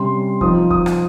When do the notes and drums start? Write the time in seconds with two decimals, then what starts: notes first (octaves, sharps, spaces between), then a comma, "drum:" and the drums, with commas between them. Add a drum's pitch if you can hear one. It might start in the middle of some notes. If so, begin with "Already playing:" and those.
Already playing: C3 G3 C#4 C6
0.41 F3 C4 D#4 D#6, drum: kick D#2
0.71 D#6, drum: kick D#2
0.86 drum: rim click